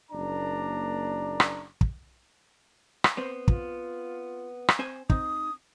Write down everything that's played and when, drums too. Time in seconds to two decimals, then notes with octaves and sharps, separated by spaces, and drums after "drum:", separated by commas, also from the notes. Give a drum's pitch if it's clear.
0.11 F#1 A#3 D4 D5 A#5
1.40 drum: rim click
1.81 drum: kick
3.04 drum: rim click
3.17 B3 C4 C5
3.48 F4, drum: kick
4.68 drum: rim click
4.79 C4 C5 G#5
5.10 C4 D#4 D#6, drum: kick